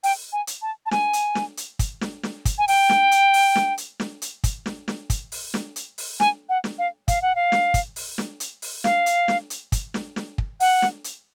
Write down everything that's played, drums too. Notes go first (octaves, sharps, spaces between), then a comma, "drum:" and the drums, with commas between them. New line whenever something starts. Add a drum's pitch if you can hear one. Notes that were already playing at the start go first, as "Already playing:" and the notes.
G5, drum: open hi-hat
G#5
drum: hi-hat
A5
A5
G#5, drum: snare
drum: hi-hat
drum: snare
drum: hi-hat
drum: kick, hi-hat
drum: snare
drum: snare
drum: kick, hi-hat
G#5
G5, drum: open hi-hat
drum: snare
drum: hi-hat
drum: open hi-hat
drum: snare
drum: hi-hat
drum: snare
drum: hi-hat
drum: kick, hi-hat
drum: snare
drum: snare
drum: kick, hi-hat
drum: open hi-hat
drum: snare
drum: hi-hat
drum: open hi-hat
G#5, drum: snare
F#5
drum: snare
F5
F5, drum: kick, hi-hat
F#5
F5
drum: snare
drum: kick, hi-hat
drum: open hi-hat
drum: snare
drum: hi-hat
drum: open hi-hat
F5, drum: snare
drum: hi-hat
drum: snare
drum: hi-hat
drum: kick, hi-hat
drum: snare
drum: snare
drum: kick
F#5, drum: open hi-hat
drum: snare
drum: hi-hat